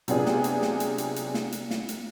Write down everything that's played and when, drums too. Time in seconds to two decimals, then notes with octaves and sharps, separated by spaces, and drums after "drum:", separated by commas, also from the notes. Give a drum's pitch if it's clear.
0.08 C3 F#3 B3 D4 F4 G#4, drum: hi-hat
0.26 drum: snare
0.44 drum: hi-hat
0.62 drum: snare
0.80 drum: hi-hat
0.98 drum: hi-hat
1.16 drum: hi-hat
1.34 drum: snare
1.52 drum: hi-hat
1.71 drum: snare
1.89 drum: hi-hat